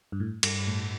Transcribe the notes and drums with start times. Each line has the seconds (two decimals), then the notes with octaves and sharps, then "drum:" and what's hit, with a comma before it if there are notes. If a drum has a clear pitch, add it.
0.12 G2
0.20 A2
0.43 G2, drum: cymbal
0.67 A2